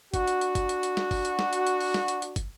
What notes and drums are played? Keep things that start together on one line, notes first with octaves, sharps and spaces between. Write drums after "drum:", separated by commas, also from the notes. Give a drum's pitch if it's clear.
D4 F#4, drum: kick, hi-hat
drum: hi-hat
drum: hi-hat
drum: kick, hi-hat
drum: hi-hat
drum: hi-hat
drum: snare
drum: kick, open hi-hat
drum: hi-hat
drum: snare
drum: hi-hat
drum: hi-hat
drum: open hi-hat
drum: snare
drum: hi-hat
drum: hi-hat
drum: kick, hi-hat